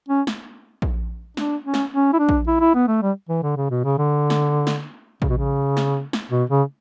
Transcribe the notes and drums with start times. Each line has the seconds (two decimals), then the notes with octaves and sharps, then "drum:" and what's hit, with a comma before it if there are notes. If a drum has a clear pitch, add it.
0.09 C#4
0.27 drum: snare
0.82 drum: kick A#1
1.37 D4, drum: snare
1.65 C#4
1.74 drum: snare
1.92 C#4
2.13 E4
2.19 D4
2.29 drum: kick A#1
2.47 E4
2.61 E4
2.75 B3
2.88 A3
3.02 G3
3.29 E3
3.43 D3
3.56 C#3
3.70 B2
3.85 C#3
3.98 D3
4.30 drum: snare
4.67 drum: snare
5.22 C#3, drum: kick A#1
5.29 B2
5.37 C#3
5.77 drum: snare
6.13 drum: snare
6.31 B2
6.50 C#3